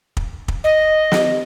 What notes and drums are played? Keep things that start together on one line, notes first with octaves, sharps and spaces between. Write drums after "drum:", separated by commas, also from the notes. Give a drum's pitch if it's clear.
drum: kick
drum: kick
D#5
drum: snare